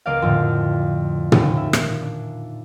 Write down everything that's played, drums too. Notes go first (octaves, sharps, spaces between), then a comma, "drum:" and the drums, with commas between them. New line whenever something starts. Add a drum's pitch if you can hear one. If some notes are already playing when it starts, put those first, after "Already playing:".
C#2 A#3 D5 D#5 F5
F2 A2 D3 F3
D#2 A#2 D#6, drum: tom
E5
drum: rim click
D4